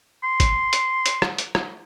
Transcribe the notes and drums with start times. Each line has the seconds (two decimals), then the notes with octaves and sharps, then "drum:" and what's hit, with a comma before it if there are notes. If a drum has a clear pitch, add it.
0.24 C6
0.40 drum: kick, hi-hat
0.73 drum: hi-hat
1.06 drum: hi-hat
1.22 drum: rim click
1.38 drum: hi-hat
1.55 drum: rim click